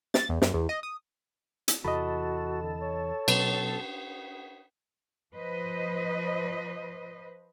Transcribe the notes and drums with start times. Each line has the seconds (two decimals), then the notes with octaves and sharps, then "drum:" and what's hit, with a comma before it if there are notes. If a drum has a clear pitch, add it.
0.14 A6, drum: snare
0.29 E2
0.42 F#2, drum: snare
0.54 E2
0.69 D#5
0.83 D#6
1.68 drum: hi-hat
1.84 E2 C3 E3 F#4 A4 D#5 B5
2.62 D3
2.81 C#5
3.28 B2 F#3 B3, drum: cymbal
5.35 F3 B4 C5 D#5